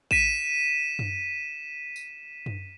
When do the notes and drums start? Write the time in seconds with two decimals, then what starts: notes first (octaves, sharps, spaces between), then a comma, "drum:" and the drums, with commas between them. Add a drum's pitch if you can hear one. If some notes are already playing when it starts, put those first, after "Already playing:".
0.11 B6 D#7 E7, drum: kick
0.99 drum: tom F#2
1.96 drum: tambourine
2.46 drum: tom F#2